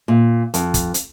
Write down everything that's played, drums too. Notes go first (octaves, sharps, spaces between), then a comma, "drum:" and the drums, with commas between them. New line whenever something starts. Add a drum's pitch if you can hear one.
A#2
F2, drum: hi-hat
drum: kick, hi-hat
drum: hi-hat